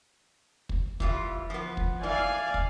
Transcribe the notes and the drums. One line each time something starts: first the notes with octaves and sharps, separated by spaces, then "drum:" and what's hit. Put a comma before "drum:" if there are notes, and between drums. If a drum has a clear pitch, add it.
drum: kick
E3 G3 F4, drum: kick
F3 B3
drum: kick
E3 D5 F5 G#5
drum: kick